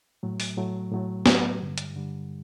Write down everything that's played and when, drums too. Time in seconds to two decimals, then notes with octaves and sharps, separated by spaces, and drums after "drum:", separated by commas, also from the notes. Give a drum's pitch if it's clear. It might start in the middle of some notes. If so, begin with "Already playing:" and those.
0.23 A2 F#3 A3
0.40 drum: open hi-hat
0.57 A2 F#3 A3
0.91 A2 F#3 A3
1.26 A2 F#3 A3, drum: snare
1.60 G2 D3 G3
1.78 drum: hi-hat
1.94 G2 D3 G3